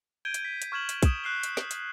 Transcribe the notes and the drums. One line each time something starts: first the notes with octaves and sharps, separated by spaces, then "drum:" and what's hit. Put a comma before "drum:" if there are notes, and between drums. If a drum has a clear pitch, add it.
G6 G#6 D7 D#7 G7
drum: hi-hat
B6 D#7
drum: hi-hat
C#6 F6 G#6 E7 F#7
drum: hi-hat
D#6 E7, drum: kick, hi-hat
F6 F#6 C7 G7
drum: hi-hat
drum: snare
drum: hi-hat